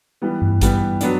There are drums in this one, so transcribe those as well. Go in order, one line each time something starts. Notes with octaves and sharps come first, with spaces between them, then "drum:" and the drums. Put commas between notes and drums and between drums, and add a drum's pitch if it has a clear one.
E3 G3 B3
drum: tom G2
E3 G3 B3, drum: kick A1, hi-hat
F#3 B3 D4, drum: hi-hat